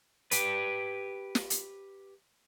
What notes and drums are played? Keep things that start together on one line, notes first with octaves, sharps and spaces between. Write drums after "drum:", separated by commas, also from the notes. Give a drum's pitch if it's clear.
G4 B4, drum: hi-hat
drum: snare
drum: hi-hat